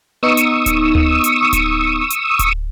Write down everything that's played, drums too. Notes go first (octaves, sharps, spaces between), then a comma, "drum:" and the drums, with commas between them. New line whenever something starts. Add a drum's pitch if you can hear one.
B3 D#4 C#6 D#6 E6
drum: hi-hat
drum: kick D1, hi-hat
drum: tom D2
drum: hi-hat
drum: kick D1, hi-hat
drum: hi-hat
drum: kick D1, hi-hat